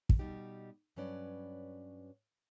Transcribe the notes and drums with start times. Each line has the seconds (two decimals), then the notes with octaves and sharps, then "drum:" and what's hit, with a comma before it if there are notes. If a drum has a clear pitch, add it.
0.09 drum: kick
0.19 B2 G3 D#4 G4
0.96 G2 F#3 C#4 B4 D5